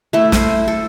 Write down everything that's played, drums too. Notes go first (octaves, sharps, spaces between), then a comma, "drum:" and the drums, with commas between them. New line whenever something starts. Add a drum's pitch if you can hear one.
A3 E4
C5, drum: snare
A4